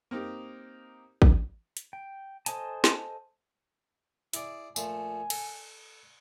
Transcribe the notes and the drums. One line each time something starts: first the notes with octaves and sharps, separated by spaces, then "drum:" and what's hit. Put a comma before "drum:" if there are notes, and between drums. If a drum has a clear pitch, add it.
A#3 C4 D#4 G4
drum: kick
drum: hi-hat
G5
A4 C5 D#5 G#5 A5, drum: hi-hat
drum: snare
E4 G#4 D5, drum: hi-hat
A#2 F3 A3 G#5, drum: tambourine
A4, drum: cymbal